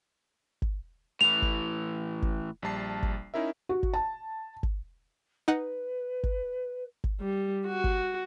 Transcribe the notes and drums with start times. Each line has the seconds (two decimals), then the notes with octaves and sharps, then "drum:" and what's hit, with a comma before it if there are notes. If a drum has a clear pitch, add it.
0.62 drum: kick G1
1.21 A2 E3 F7
1.42 drum: kick G1
2.22 drum: kick G1
2.62 A#1 G3 A5 C7
3.03 drum: kick G1
3.34 C#4 D#4 E4 A#4 E5
3.69 F#4
3.83 drum: kick G1
3.94 A5
4.63 drum: kick G1
5.48 D#4 B4 F#5
6.24 drum: kick G1
7.04 drum: kick G1
7.21 G3
7.66 F#4
7.84 drum: kick G1